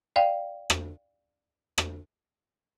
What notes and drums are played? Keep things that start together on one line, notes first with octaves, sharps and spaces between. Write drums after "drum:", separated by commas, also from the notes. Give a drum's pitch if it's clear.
D5 F5 G5
drum: rim click
drum: rim click